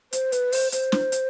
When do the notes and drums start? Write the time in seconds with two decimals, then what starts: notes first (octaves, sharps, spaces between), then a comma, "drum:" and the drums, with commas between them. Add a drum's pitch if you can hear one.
0.13 C5, drum: hi-hat
0.32 B4, drum: hi-hat
0.52 C5, drum: open hi-hat
0.72 C5, drum: hi-hat
0.92 drum: snare
1.12 drum: hi-hat